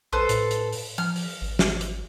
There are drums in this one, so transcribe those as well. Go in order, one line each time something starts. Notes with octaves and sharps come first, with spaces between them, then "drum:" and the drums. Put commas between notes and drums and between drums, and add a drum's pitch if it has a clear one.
A#1 A4 B4 C5
A2, drum: hi-hat
drum: hi-hat
drum: open hi-hat
F3 F6
drum: open hi-hat
G#1
drum: snare
drum: hi-hat